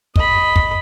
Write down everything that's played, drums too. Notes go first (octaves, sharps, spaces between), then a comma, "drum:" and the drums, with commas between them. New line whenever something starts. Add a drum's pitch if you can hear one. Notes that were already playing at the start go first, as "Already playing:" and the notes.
D#5 B5, drum: kick
drum: kick